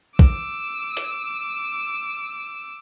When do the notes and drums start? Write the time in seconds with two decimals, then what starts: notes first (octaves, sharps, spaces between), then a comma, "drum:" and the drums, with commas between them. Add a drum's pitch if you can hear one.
0.19 D6 E6, drum: kick A#1
0.97 drum: hi-hat